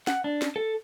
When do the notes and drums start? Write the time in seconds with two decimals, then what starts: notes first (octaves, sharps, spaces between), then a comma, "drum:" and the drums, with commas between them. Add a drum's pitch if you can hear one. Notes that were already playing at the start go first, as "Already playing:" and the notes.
0.07 F#5, drum: snare
0.24 D4
0.42 drum: snare
0.56 A4